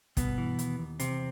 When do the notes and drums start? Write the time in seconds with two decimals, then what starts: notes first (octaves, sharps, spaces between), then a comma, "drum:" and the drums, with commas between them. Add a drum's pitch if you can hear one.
0.17 G2 B2 B3, drum: kick, hi-hat
0.38 E3
0.59 D#2, drum: hi-hat
0.79 D#2
1.00 E2 C3 C4, drum: hi-hat